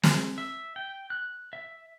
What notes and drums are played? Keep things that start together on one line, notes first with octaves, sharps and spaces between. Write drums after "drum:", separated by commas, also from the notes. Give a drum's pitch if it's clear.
G#3, drum: snare
E5
G5
F#6
E5